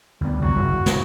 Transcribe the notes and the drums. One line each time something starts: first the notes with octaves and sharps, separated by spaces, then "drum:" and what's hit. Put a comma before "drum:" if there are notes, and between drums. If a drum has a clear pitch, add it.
D2 G3 B3
C2 F#2 F#3 F#4
F#1
A2, drum: snare